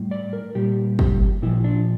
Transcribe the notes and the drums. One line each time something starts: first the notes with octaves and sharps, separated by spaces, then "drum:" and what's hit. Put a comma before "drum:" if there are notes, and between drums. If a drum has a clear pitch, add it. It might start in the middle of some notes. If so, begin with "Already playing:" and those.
Already playing: A2 G3
D5
A#4
A#2 G3 G4
G4, drum: kick
A#2 F3 E4
D4